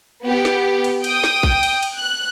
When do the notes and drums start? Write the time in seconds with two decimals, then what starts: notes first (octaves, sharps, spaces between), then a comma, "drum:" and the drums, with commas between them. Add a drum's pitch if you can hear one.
0.23 B3 G4
0.45 drum: snare
0.84 drum: cymbal
1.04 G5 D#6, drum: cymbal
1.24 drum: snare
1.43 drum: kick
1.63 drum: cymbal
1.83 drum: cymbal
1.97 F#6